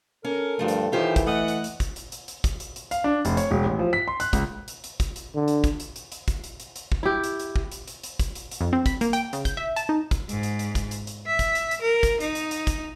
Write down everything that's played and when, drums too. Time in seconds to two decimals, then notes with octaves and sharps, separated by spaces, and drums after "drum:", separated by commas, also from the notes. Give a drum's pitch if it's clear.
0.24 C#4 A4 A#4
0.59 D2 G2 F3 A3
0.68 drum: hi-hat
0.92 F#2 D#3 E3 F4 G4 C5
1.16 drum: kick, hi-hat
1.27 A3 D#5 F#5
1.48 drum: hi-hat
1.64 drum: hi-hat
1.80 drum: kick, hi-hat
1.96 drum: hi-hat
2.12 drum: hi-hat
2.28 drum: hi-hat
2.44 drum: kick, hi-hat
2.60 drum: hi-hat
2.76 drum: hi-hat
2.91 F5, drum: hi-hat
3.04 D4
3.25 F1, drum: hi-hat
3.37 C#5, drum: hi-hat
3.51 E1
3.64 A1
3.79 F3
3.93 B6
4.08 C6
4.20 F#6, drum: hi-hat
4.33 C#2, drum: kick, hi-hat
4.68 drum: hi-hat
4.84 drum: hi-hat
5.00 drum: kick, hi-hat
5.16 drum: hi-hat
5.35 D3
5.48 drum: hi-hat
5.64 drum: kick, hi-hat
5.80 drum: hi-hat
5.96 drum: hi-hat
6.12 drum: hi-hat
6.28 drum: kick, hi-hat
6.44 drum: hi-hat
6.60 drum: hi-hat
6.76 drum: hi-hat
6.92 drum: kick
7.03 E4 G4
7.24 drum: hi-hat
7.40 drum: hi-hat
7.56 drum: kick
7.72 drum: hi-hat
7.88 drum: hi-hat
8.03 drum: hi-hat
8.19 drum: kick, hi-hat
8.35 drum: hi-hat
8.51 drum: hi-hat
8.61 F2
8.73 C4
8.86 B5, drum: kick, hi-hat
9.01 A#3, drum: hi-hat
9.13 G5, drum: hi-hat
9.33 C#3, drum: hi-hat
9.45 G6, drum: kick, hi-hat
9.57 E5
9.76 A5, drum: hi-hat
9.89 D#4
10.11 drum: kick, hi-hat
10.29 G#2, drum: hi-hat
10.43 drum: hi-hat
10.59 drum: hi-hat
10.75 drum: kick, hi-hat
10.91 drum: hi-hat
11.07 drum: hi-hat
11.27 E5
11.39 drum: kick, hi-hat
11.55 drum: hi-hat
11.71 drum: hi-hat
11.81 A#4
12.03 drum: kick, hi-hat
12.20 D#4, drum: hi-hat
12.35 drum: hi-hat
12.51 drum: hi-hat
12.67 drum: kick, hi-hat